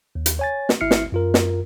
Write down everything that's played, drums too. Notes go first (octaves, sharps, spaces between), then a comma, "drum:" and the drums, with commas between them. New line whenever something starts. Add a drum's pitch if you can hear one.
D#2
drum: hi-hat
C#5 G#5 A6
drum: snare
G#1 E4 E5 F6 C7 C#7
drum: snare
F#2 F4 A#4
drum: snare